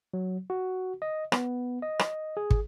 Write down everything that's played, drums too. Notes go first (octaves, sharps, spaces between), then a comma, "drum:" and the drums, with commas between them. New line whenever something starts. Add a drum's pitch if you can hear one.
F#3
F#4
D#5
B3, drum: rim click
D#5
drum: rim click
G#4
drum: kick